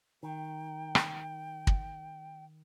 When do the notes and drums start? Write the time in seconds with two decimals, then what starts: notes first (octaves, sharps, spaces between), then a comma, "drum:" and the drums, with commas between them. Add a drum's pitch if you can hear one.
0.23 D#3 G5
0.95 drum: rim click
1.67 drum: kick